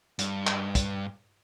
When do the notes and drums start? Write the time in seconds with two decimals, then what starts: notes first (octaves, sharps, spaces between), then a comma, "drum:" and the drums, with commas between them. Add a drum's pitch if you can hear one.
0.19 G2, drum: hi-hat
0.47 drum: clap
0.75 drum: kick, hi-hat